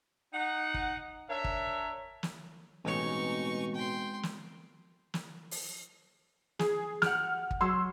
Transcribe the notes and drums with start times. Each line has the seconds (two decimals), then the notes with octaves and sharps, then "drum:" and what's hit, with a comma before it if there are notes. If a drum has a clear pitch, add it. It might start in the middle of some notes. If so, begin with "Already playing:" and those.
0.34 D#4 F#5
0.74 drum: kick
1.30 D4 A#4 C#5 E5
1.44 drum: kick
2.23 drum: snare
2.85 A1 B2 G#3 C4 D#4 C#5 C#6
3.75 G5 C6
4.23 drum: snare
5.14 drum: snare
5.51 drum: open hi-hat
6.59 G#4, drum: snare
7.02 G4 F#5 F6, drum: snare
7.51 drum: kick
7.61 F#3 C6 E6